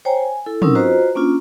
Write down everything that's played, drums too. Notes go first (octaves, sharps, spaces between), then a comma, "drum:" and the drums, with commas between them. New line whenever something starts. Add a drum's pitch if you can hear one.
C5 C#5 G5 G#5 A#5
G#5
E4 A4
F#3 C4 C#4 D#4 A#4 E6, drum: tom
F4 F#4 B4 C5 D#5 A#5
A#3 C#4 D4 F4